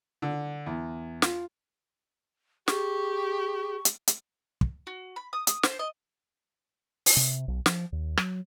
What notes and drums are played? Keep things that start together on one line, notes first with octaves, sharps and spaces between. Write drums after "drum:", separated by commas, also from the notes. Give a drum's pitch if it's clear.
D3
E2
F4, drum: snare
G4 G#4 C#6, drum: snare
drum: hi-hat
drum: hi-hat
drum: kick
F#4
B5
D#6
D#6, drum: hi-hat
C5, drum: snare
D#5
drum: open hi-hat
C3
B1
F3, drum: snare
D#2
F#3, drum: rim click